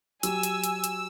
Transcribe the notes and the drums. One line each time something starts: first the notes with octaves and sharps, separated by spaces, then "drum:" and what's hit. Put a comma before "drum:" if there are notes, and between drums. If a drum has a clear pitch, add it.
F#3 G4 G#5 E6, drum: hi-hat
drum: hi-hat
drum: hi-hat
drum: hi-hat